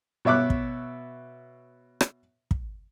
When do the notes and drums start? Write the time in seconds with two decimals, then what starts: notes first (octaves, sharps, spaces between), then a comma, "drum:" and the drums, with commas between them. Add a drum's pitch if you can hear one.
0.25 B2 C#5 E5 D6 F#6
0.50 drum: kick
2.01 drum: rim click
2.51 drum: kick